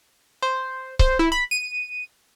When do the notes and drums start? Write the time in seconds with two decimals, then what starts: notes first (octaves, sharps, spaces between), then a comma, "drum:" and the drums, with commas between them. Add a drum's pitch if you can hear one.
0.42 C5
0.99 C5, drum: kick C#1
1.19 E4
1.32 B5
1.51 D#7